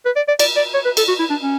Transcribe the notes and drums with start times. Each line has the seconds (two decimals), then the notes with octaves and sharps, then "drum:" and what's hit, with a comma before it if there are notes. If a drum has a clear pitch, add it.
0.05 B4
0.16 D5
0.28 D5
0.39 D5, drum: cymbal
0.56 D5
0.74 C#5
0.85 B4
0.97 A4, drum: cymbal
1.08 F#4
1.19 E4
1.30 D4
1.42 C#4